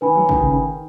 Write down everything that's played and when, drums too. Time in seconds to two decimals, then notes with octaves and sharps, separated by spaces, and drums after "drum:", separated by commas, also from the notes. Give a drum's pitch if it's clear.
0.01 D#3 B4 G#5 B5
0.15 F#3
0.29 D#3, drum: kick
0.41 C#3
0.52 D#3